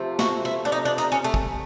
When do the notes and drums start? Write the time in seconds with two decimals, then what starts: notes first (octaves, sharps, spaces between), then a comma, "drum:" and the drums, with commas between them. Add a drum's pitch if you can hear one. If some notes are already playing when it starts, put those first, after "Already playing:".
Already playing: C3 F3 A3
0.19 F#4, drum: snare
0.45 E4
0.65 D4
0.72 D#4
0.85 D4
0.98 D#4, drum: hi-hat
1.12 C#4
1.24 A3
1.34 drum: kick